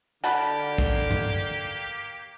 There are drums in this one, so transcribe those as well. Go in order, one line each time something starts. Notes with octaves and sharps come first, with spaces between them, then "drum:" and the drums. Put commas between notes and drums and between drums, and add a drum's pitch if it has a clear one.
D3 A#3 F#4 G4 A5 B5, drum: hi-hat
drum: kick
drum: tom